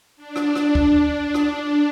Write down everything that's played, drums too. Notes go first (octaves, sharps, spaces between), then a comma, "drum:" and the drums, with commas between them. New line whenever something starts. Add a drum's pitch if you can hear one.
D4
drum: rim click
drum: rim click
drum: kick
drum: rim click